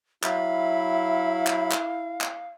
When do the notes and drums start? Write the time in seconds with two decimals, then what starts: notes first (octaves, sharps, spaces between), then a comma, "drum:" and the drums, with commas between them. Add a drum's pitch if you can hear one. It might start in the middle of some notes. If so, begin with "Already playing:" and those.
0.23 F#3 E4 E5 F5 B5, drum: clap
1.47 drum: clap
1.72 drum: clap
2.21 drum: clap